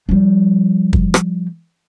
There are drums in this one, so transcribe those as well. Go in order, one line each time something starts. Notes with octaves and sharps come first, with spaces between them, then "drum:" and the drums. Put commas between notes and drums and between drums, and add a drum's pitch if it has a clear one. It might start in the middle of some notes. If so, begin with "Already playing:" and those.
F3 G3
drum: kick
drum: rim click